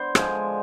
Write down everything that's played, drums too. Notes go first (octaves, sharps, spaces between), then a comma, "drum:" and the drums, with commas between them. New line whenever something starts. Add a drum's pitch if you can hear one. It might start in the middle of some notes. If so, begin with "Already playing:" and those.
Already playing: B3 D4 C5
D3 F3 G#3 G#5, drum: rim click